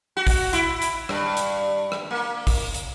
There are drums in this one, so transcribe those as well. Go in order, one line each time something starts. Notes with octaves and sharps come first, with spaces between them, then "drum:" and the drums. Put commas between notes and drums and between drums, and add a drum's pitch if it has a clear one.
F#4
drum: kick A1, open hi-hat
E4, drum: hi-hat
drum: hi-hat
G2, drum: rim click
drum: hi-hat
drum: rim click
A#3
drum: kick A1, open hi-hat
drum: hi-hat